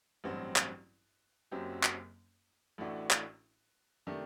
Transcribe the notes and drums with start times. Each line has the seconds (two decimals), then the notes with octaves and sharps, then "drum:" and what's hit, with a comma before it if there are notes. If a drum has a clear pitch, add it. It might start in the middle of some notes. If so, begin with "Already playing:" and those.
0.24 A1 G2 F#3 C4 F#4
0.56 drum: clap
1.51 F#1 F#2 F#3 C4 G4
1.83 drum: clap
2.78 A1 A2 A3 D4 F#4
3.11 drum: clap
4.07 C3 D#3 A3 D4